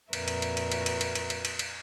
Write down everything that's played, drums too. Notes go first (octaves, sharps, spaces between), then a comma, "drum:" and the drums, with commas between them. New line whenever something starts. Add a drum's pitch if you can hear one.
F2 A#2 F#4 A#4 B4 E5, drum: cymbal
drum: cymbal
drum: cymbal
drum: cymbal
drum: cymbal
drum: cymbal
drum: cymbal
drum: cymbal
drum: cymbal
drum: cymbal
drum: cymbal